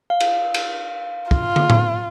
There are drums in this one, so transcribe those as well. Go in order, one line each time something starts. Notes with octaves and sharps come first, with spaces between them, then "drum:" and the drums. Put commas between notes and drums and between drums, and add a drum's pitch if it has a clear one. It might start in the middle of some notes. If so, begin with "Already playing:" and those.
F5
drum: cymbal
drum: cymbal
F4, drum: kick
drum: tom
drum: tom A2